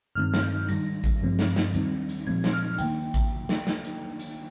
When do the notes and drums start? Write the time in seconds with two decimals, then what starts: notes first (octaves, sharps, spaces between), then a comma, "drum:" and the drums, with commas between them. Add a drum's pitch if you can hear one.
0.15 G2 D#3 G#3 C4 F6
0.34 drum: snare
0.43 G6
0.68 G#2 D#3 G3 A#6, drum: hi-hat
1.04 drum: kick A1, hi-hat
1.21 G2 F3 G#3 C4
1.39 drum: snare
1.56 drum: snare
1.74 D#2 D#3 G3 C4, drum: hi-hat
2.09 drum: hi-hat
2.27 A#2 F3 G#3 C4 G#6
2.44 drum: snare
2.53 F6
2.78 D#2 D#3 A#3 G5, drum: hi-hat
3.14 drum: kick A1, hi-hat
3.49 drum: snare
3.67 drum: snare
3.84 drum: hi-hat
4.19 drum: hi-hat